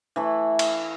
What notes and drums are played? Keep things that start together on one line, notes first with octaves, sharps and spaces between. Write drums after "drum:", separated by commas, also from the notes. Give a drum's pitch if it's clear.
E3 A3 E4
drum: cymbal